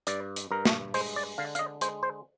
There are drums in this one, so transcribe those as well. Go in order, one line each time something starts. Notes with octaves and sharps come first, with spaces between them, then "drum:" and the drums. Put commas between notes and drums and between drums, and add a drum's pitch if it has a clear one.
G2 D5, drum: hi-hat
drum: hi-hat
G2 A#4
drum: snare
G#3 C5, drum: open hi-hat
D5
D3 F5
F5, drum: hi-hat
D#5
G#3 C5, drum: hi-hat
C5